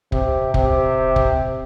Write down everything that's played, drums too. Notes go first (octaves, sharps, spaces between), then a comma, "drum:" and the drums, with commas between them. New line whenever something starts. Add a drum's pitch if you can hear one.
C3, drum: kick
C3, drum: kick
drum: kick